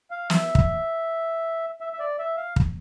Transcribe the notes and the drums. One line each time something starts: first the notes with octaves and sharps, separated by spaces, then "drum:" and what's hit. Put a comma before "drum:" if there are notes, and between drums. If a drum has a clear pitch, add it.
F5
E5, drum: snare
drum: kick
E5
E5
D5
E5
F5
drum: kick